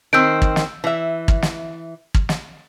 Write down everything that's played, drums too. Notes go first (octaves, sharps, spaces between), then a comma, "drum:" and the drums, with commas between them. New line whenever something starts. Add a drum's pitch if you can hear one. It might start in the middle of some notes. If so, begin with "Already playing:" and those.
D#3 C4 E6 G6 D7
drum: kick
drum: snare
E3 E5
drum: kick
drum: snare
drum: kick
drum: snare